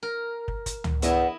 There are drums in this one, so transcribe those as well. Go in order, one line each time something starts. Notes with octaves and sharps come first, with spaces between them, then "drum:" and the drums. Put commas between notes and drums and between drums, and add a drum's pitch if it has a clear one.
A#4
drum: kick
drum: kick, hi-hat
drum: tom C#2
E2 B3 E4 D#5 E5, drum: hi-hat